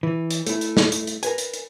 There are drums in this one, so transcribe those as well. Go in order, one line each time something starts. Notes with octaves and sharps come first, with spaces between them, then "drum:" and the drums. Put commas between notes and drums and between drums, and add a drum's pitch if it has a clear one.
E3
drum: hi-hat
A3 E4, drum: hi-hat
drum: hi-hat
drum: snare
drum: hi-hat
drum: hi-hat
A#4 B4 G#5, drum: hi-hat
drum: hi-hat
drum: hi-hat